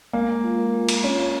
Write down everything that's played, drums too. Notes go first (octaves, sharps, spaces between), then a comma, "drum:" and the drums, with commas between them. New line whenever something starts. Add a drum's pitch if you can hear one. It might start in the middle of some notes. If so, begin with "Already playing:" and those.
G#3 A#3
G#3
F4
A#4
G#3
G#3, drum: cymbal
C#4 F4
F4